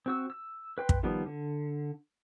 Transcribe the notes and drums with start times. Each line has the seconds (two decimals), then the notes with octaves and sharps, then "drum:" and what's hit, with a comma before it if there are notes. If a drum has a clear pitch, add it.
0.06 C4 F#4 E6
0.30 E6
0.78 B4 G5 C6
0.89 drum: kick
1.03 D#3 F3 G3 B3
1.26 D3